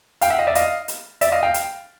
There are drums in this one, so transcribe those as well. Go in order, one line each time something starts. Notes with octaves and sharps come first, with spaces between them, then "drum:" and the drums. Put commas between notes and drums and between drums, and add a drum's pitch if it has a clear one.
F5 G5, drum: hi-hat
E5 F#5
D#5 F5
D5 E5
D#5 F5, drum: hi-hat
drum: hi-hat
D5 E5, drum: hi-hat
D#5 F5
F5 G5
drum: hi-hat